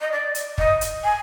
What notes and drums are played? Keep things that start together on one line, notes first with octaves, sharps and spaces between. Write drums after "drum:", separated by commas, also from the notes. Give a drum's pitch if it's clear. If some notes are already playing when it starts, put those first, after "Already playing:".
D#5
D5
drum: hi-hat
D#5, drum: kick
drum: hi-hat
G#5